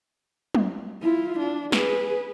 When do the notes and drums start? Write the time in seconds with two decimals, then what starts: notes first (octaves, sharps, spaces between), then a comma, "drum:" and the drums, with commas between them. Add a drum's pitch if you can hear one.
0.55 drum: tom
1.01 E4 F4
1.39 D4
1.72 G#4 B4, drum: snare